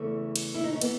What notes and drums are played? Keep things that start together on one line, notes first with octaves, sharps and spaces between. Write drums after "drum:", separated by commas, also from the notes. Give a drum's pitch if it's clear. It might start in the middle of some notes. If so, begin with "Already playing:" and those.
Already playing: E2 C#3 E3 A3
drum: cymbal
E4
D#4
C#4
E3 B3, drum: cymbal